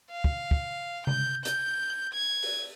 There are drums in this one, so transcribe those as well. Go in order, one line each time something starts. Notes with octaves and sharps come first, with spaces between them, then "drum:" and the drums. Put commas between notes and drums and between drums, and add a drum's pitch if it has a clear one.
F5
drum: kick
drum: kick
G6, drum: tom C3
G6, drum: hi-hat
G#6
drum: open hi-hat